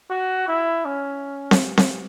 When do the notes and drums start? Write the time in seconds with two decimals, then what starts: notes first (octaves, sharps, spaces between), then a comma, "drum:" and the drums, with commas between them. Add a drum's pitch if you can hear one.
0.10 F#4
0.48 E4
0.86 C#4
1.51 drum: snare C4
1.77 drum: snare C4